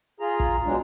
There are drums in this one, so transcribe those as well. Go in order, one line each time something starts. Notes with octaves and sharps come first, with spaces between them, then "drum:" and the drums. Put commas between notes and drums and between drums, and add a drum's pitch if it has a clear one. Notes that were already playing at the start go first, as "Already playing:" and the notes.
F4 G#4 A#5
drum: kick
B2 F#3 G#3 D4